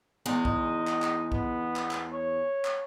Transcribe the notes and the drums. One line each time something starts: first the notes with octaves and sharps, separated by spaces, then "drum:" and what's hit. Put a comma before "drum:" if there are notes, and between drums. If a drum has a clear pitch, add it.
E2 G#3 D#4
D#5, drum: kick B1
drum: clap
drum: clap
B3, drum: kick B1
drum: clap
drum: clap
C#5
drum: clap